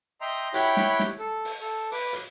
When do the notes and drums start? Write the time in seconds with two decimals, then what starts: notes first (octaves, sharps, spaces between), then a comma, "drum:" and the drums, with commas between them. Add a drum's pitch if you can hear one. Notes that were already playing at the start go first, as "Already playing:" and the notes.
0.21 D#5 E5 G5 A#5 C6
0.54 E4 G4 C#5 F#5 G5 B5, drum: hi-hat
0.77 drum: snare
0.99 drum: snare
1.19 A4
1.45 drum: open hi-hat
1.61 A4
1.92 B4 D6, drum: open hi-hat
2.13 drum: hi-hat